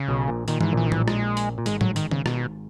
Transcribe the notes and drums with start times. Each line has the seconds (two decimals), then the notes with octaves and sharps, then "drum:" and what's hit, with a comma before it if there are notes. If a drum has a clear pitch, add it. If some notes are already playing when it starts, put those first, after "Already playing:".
Already playing: C#3
0.08 B1 B2
0.28 A#1 A#2
0.48 A#2 D#3, drum: hi-hat
0.61 G#2 E3, drum: tom D#3
0.73 A#1 A#2 E3
0.86 D#3
0.92 E3, drum: tom A2
1.08 G#3, drum: rim click
1.37 drum: hi-hat
1.58 A#2
1.66 G#1 G#2 G#3, drum: hi-hat
1.81 F#3, drum: tom A2
1.96 D#3, drum: hi-hat
2.11 C#3, drum: tom D#3
2.26 B2, drum: rim click